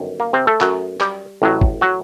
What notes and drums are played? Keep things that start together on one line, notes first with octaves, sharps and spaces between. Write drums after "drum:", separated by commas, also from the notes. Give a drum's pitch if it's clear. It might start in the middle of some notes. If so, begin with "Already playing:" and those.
Already playing: G1 F#2 D#3
A#3
C3 C4
A3 A4
F#2 F#3, drum: clap
G3 G4, drum: clap
A1 A2 F#3
drum: kick
F#3 F#4